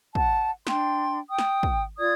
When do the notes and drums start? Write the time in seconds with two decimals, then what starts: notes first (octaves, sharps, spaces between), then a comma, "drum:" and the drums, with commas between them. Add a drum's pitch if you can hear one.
0.15 F#5 A5, drum: kick
0.67 D4 G5 C6, drum: snare
1.29 G5 D#6
1.38 drum: snare
1.63 drum: kick
1.98 F4 D5 D#6 G#6